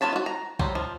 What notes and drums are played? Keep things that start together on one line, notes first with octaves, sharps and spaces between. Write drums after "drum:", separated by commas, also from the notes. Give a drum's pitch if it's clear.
B3 F4 C#5 A5 B5
F4 F#4
A#5
F#3 G3 C5, drum: kick
F3